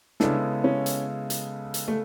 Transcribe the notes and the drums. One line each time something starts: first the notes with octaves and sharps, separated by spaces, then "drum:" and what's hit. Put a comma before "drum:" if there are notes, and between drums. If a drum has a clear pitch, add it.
C#3 G#3 B3 D4 E4 A4, drum: snare
C#4
drum: hi-hat
drum: hi-hat
drum: hi-hat
A3